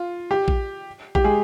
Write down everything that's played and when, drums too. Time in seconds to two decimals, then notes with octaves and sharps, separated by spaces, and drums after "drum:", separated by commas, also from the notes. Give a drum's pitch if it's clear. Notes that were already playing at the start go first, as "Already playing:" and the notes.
Already playing: F4
0.31 G4
0.48 drum: kick A#1
1.15 G4, drum: kick A#1
1.24 G#3 G#4